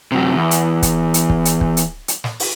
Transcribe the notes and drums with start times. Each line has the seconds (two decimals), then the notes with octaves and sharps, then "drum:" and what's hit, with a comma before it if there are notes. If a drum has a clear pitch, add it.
0.12 F#2 C3
0.35 E2
0.51 drum: hi-hat
0.82 drum: kick, hi-hat
1.14 drum: hi-hat
1.30 drum: kick
1.45 drum: hi-hat
1.61 drum: kick
1.77 drum: hi-hat
2.08 drum: hi-hat
2.24 drum: snare
2.40 drum: open hi-hat